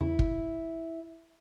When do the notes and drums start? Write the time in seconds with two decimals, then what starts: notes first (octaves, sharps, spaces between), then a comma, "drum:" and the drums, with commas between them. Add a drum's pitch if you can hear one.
0.01 E2 C#3 E4
0.19 drum: kick